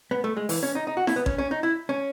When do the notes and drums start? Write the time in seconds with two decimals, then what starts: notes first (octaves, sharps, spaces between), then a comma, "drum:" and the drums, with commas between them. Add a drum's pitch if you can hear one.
0.11 B3
0.24 A3
0.37 G#3
0.49 E3, drum: open hi-hat
0.63 C#4
0.75 D#4
0.87 D#4
0.97 F#4
1.07 E4, drum: snare E4
1.16 B3
1.26 C#4, drum: kick A1
1.38 C#4
1.51 D#4
1.63 E4
1.89 C#4